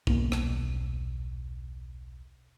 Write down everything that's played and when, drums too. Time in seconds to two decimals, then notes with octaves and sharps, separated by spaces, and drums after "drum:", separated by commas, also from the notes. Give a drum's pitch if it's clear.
0.07 D#1 B1 A#3, drum: kick
0.32 drum: rim click